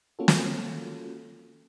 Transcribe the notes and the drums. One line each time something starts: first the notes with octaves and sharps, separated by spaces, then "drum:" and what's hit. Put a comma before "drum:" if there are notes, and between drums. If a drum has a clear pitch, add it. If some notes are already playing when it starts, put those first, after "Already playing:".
A#3 C#4 F4 F#4 A4
drum: snare